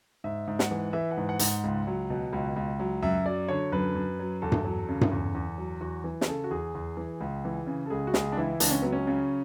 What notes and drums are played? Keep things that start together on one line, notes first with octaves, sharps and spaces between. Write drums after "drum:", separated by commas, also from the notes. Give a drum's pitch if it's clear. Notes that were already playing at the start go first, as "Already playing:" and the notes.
G#2 E5
G#2
F#5, drum: snare
E3
E3 E5
F#5
G#2
F#5
G#2, drum: hi-hat
F#5
C#2
F#3
B2
C#2
C#2
F#3
F#2 E5
F#3 D5
D3 C#5
F#2 B4
F#2
F#3
E2 A4
drum: tom G2
F#3
C#3
drum: tom G2
E2
E2
F#3
E2 F#4
E3
G#4, drum: snare
C#3 A4
F#4
E2 G#4
E2
E3
C#2
E3
C#3
A4
C#2 G#4
F#4
C#2 G#4, drum: snare
D4
E3 E4
C#2 D4, drum: hi-hat
C#4
F#3 B3
C#4
C#3